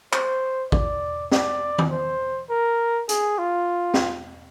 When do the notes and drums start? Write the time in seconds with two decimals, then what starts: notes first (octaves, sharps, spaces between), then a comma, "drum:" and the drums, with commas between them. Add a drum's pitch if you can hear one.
0.13 C5, drum: clap
0.72 D5, drum: kick
1.31 D5, drum: snare
1.78 drum: tom D#3
1.90 C5
2.49 A#4
3.09 G#4, drum: hi-hat
3.38 F4
3.94 drum: snare